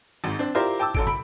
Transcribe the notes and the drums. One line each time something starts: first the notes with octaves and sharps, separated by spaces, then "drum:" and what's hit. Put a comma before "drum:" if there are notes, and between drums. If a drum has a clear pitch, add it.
G#1 G#2
C4 D4
E4 F4 G4 A#4 C5 D5
G5 A5 D6 E6
F#2 A4 D7, drum: kick G1
B5, drum: tom